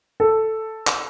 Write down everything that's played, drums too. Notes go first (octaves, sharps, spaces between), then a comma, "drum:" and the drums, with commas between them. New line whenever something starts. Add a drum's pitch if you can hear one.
A4
drum: clap